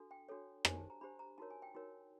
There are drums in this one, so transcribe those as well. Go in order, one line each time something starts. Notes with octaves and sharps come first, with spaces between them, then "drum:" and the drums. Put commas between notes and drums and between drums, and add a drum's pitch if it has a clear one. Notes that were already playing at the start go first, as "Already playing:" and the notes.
Already playing: D4 F#4 A4
G5
D4 F#4 A4 C#5
D4 G4 C5 G#5, drum: rim click
A5
A#5
D4 G4 C5 B5
A#5
D#4 F#4 A#4 C#5 A5
G#5
G5
D#4 F#4 A#4 C#5